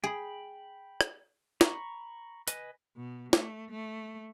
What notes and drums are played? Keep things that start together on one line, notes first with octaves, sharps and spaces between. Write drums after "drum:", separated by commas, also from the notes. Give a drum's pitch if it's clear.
G#4 G5 B5
drum: rim click
A#5 B5 C#6, drum: snare
B4 D#5 G#5, drum: hi-hat
B2
A3, drum: snare
A3